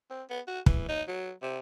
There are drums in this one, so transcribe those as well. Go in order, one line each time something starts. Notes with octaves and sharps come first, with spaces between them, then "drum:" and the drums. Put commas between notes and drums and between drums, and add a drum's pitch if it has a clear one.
C4
B3
F#4
E3, drum: kick
D#4
F#3
C3